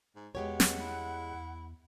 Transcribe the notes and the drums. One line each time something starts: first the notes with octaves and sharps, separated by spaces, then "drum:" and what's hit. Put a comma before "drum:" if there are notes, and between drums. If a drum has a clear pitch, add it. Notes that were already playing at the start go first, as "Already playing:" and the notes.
G#2
E2 B2 G#3 G4 C#5 F#5
drum: snare
E4
E2